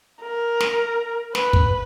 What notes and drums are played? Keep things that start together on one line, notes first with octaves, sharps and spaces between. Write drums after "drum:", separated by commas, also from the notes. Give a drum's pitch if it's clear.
A#4
drum: snare
B4, drum: snare
drum: kick